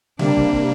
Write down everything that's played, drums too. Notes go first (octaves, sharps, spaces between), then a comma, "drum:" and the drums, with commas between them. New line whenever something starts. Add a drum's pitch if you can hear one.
C3 G3 A#3 D4, drum: tom C#3
drum: kick
drum: kick